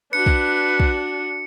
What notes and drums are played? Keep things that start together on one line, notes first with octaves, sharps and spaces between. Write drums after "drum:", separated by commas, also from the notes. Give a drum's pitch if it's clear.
D4 F#4 B4 C#7
drum: kick
drum: kick